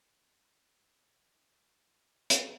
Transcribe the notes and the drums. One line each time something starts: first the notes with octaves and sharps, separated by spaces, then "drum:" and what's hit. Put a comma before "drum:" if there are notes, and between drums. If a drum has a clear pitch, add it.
D#4
D#3
drum: hi-hat